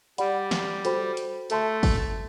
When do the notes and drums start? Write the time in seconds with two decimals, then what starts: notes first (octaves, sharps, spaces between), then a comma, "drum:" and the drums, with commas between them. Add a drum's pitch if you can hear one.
0.18 G3 G4 D5 F#5 B5, drum: hi-hat
0.51 drum: snare
0.85 F#4 A4 C5 G5 B5, drum: hi-hat
1.17 drum: hi-hat
1.50 A3 A4 E5 A5 C6, drum: hi-hat
1.83 drum: kick G1, open hi-hat